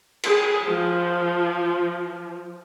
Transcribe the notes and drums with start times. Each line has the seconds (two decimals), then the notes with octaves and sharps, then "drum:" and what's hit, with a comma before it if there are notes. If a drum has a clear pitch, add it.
0.23 G#4, drum: cymbal
0.67 F3